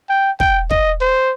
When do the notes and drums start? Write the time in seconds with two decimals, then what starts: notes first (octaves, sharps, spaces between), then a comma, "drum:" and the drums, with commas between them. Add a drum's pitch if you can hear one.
0.10 G5
0.40 G5, drum: kick
0.71 D#5, drum: kick
1.01 C5